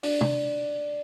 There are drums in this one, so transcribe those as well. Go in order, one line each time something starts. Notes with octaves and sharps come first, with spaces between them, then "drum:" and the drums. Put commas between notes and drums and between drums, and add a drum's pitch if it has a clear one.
D4, drum: open hi-hat
drum: tom